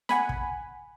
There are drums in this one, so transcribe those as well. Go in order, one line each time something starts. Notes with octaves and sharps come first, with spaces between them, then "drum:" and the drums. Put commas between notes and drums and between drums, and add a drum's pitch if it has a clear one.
F#5 G#5 B5, drum: snare
drum: kick